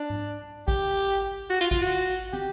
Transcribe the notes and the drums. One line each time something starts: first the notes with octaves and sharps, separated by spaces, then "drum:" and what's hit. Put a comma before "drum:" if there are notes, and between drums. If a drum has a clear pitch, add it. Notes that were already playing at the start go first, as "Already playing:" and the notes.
Already playing: D4
drum: tom G#2
G4, drum: kick G#1
F#4
F4
F4, drum: kick G#1
F#4
G4, drum: tom